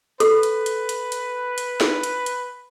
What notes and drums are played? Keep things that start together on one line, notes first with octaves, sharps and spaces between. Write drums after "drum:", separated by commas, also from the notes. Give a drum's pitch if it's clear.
A4 B4, drum: hi-hat
drum: hi-hat
drum: hi-hat
drum: hi-hat
drum: hi-hat
drum: hi-hat
drum: snare
drum: hi-hat
drum: hi-hat